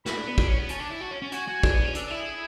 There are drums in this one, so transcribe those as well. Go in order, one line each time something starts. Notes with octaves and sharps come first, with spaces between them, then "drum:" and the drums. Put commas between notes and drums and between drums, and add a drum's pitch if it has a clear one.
F#4 B5, drum: snare
D4
B3
D4, drum: kick
C#4
B3
C#4 A5, drum: hi-hat
D4
E4
F#4
C#4
C#4
F#4 G#5, drum: hi-hat
F#4
D4, drum: kick
B3
C#4
D4 A4, drum: hi-hat
A4
E4
G#4